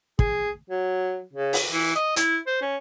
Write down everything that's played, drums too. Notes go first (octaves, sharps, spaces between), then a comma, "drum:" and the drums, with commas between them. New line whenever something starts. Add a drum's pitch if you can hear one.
G#4, drum: kick
F#3
C#3
drum: open hi-hat
E3
D#5
E4, drum: hi-hat
C5
C#4